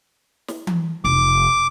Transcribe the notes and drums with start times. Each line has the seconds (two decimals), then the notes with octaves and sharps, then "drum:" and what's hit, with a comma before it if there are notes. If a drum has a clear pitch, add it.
0.48 drum: snare
0.67 drum: tom E3
1.05 F1 D6